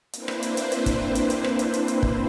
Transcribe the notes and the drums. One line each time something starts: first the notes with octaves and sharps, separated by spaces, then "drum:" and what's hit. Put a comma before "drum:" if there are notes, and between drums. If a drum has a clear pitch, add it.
A#3 C4 D4 E4 B4 C5, drum: hi-hat
drum: rim click
drum: hi-hat
drum: hi-hat
drum: hi-hat
drum: kick, hi-hat
drum: hi-hat
drum: hi-hat
drum: rim click
drum: hi-hat
drum: hi-hat
drum: hi-hat
drum: kick